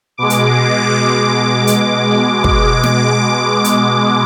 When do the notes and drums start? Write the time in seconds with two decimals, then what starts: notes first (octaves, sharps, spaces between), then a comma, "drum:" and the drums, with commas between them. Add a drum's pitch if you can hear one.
0.17 B2 G#3 D6
0.30 drum: hi-hat
1.67 drum: hi-hat
2.44 D6, drum: kick
2.83 drum: snare
3.64 drum: hi-hat